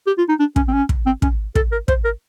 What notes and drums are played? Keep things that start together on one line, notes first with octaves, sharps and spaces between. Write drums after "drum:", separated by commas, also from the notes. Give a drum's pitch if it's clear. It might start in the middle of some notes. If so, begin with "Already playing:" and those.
G4
F4
D#4
D4
C#4, drum: kick
C4
C#4
drum: kick
C4
C#4, drum: kick
A4, drum: kick
A#4
C5, drum: kick
A#4